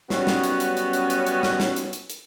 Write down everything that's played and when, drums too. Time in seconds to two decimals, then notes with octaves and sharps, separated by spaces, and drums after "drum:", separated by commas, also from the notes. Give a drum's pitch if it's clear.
0.10 F#2 G3 B3 C#4 F#4, drum: snare
0.27 drum: snare
0.44 drum: hi-hat
0.60 drum: hi-hat
0.77 drum: hi-hat
0.93 drum: hi-hat
1.10 drum: hi-hat
1.27 drum: hi-hat
1.43 drum: snare
1.60 drum: snare
1.76 drum: hi-hat
1.93 drum: hi-hat
2.10 drum: hi-hat